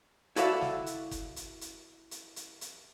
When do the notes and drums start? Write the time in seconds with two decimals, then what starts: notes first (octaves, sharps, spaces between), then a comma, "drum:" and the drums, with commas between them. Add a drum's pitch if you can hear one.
0.36 E4 F#4 A4 D5 E5 F5, drum: hi-hat
0.61 drum: snare
0.86 drum: hi-hat
1.11 drum: kick F#1, hi-hat
1.36 drum: hi-hat
1.61 drum: hi-hat
2.11 drum: hi-hat
2.36 drum: hi-hat
2.61 drum: hi-hat